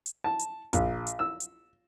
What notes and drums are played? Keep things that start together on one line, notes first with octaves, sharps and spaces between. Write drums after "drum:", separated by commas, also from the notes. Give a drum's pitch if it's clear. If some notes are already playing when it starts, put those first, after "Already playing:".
drum: hi-hat
A5
drum: hi-hat
A#1, drum: kick, hi-hat
drum: hi-hat
E6
drum: hi-hat